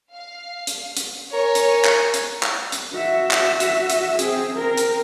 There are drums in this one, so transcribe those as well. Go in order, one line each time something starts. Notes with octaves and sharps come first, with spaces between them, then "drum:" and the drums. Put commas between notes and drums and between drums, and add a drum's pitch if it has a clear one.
F5
drum: hi-hat
drum: hi-hat
A#4 C#5 G#5
drum: hi-hat
drum: clap
drum: hi-hat
drum: clap
drum: hi-hat
F#4 E5
drum: clap
drum: hi-hat
drum: hi-hat
C4 G#4, drum: hi-hat
C4 A#4
drum: hi-hat